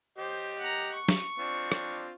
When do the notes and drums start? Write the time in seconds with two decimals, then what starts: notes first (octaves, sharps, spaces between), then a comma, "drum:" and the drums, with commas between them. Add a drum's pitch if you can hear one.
0.18 G4 C5 D#5
0.59 F#5 A#5
0.94 C#6
1.09 drum: snare
1.38 C4 D4 F4
1.72 drum: rim click